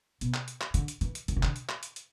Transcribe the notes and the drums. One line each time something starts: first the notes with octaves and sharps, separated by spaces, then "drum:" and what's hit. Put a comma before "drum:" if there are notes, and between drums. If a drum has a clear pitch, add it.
B2, drum: hi-hat
drum: clap
drum: hi-hat
drum: clap
D3, drum: hi-hat
drum: hi-hat
E3, drum: hi-hat
drum: hi-hat
D3, drum: hi-hat
C#3
D3, drum: clap
drum: hi-hat
drum: clap
drum: hi-hat
drum: hi-hat